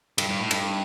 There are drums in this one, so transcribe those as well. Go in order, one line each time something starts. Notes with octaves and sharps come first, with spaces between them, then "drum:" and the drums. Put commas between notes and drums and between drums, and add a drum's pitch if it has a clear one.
G2, drum: cymbal
G2
A2
G2, drum: cymbal